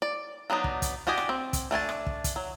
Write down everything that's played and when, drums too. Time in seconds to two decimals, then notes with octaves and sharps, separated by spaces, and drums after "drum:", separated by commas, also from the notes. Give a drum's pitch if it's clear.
0.02 D5
0.50 F#3 B3 D4 D#4
0.64 drum: kick
0.82 drum: kick, hi-hat
1.07 D4 F#4 G4 D#5 G#5
1.18 drum: rim click
1.29 C4
1.53 drum: kick, hi-hat
1.71 A3 D4 G#5 A5
1.89 drum: rim click
2.06 drum: kick
2.24 drum: kick, hi-hat
2.36 F#3